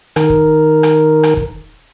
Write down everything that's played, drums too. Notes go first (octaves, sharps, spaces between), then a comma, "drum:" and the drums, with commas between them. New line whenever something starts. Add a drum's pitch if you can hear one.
D#3 A#4, drum: rim click
drum: kick
drum: rim click
drum: rim click
drum: kick